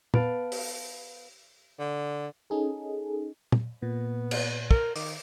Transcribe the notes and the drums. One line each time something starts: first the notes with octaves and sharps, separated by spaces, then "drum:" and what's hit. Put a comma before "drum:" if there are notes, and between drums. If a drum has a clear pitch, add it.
B3 B4 F5 A5 A6 D7, drum: tom
drum: open hi-hat
D3
C#4 D#4 G#4 A4
drum: tom
A#2 B3
drum: cymbal
A#4, drum: kick
D#3 D6, drum: open hi-hat